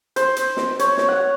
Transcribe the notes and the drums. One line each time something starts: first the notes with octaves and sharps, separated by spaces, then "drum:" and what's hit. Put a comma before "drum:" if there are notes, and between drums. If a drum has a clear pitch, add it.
C5, drum: hi-hat
drum: hi-hat
drum: snare
C#5, drum: hi-hat
drum: snare
F#5